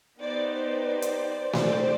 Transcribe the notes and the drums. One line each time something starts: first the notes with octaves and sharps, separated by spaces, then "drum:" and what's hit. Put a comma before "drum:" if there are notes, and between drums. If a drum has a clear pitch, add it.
B3 D#4 G4 C5 D5
C5 D5
drum: hi-hat
C4 D#4 G4 C5 D5, drum: snare A3